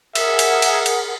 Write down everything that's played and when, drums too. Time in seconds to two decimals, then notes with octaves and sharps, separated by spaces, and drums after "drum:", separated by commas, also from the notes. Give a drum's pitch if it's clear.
0.15 G#4 A#4 E5 F#5, drum: cymbal
0.39 drum: cymbal
0.62 drum: cymbal
0.86 drum: cymbal